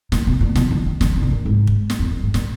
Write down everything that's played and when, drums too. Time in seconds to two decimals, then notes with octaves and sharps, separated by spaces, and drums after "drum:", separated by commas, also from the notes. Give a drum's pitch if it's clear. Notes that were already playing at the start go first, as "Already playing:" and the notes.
0.12 A#2, drum: snare
0.27 B2
0.41 A#2
0.55 B2, drum: snare
0.71 D3
0.86 D#3
1.01 D3, drum: snare
1.10 D#3
1.16 D3
1.23 B2
1.31 A#2
1.45 G#2
1.67 drum: kick
1.90 drum: snare
1.99 F2
2.10 F#2
2.23 G#2
2.34 A#2, drum: snare